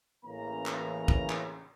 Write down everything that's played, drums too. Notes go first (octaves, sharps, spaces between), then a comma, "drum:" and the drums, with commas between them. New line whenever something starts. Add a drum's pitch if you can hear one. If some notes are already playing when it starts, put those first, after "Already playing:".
A1 C#3 E3 A#3 A#5
drum: clap
drum: kick
drum: clap